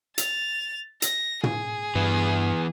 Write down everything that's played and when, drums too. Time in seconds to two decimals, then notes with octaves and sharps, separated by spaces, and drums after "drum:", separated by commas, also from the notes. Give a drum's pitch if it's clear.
0.18 A6 F7, drum: hi-hat
1.02 A#6, drum: hi-hat
1.43 G#4, drum: tom
1.95 G2 E3 B3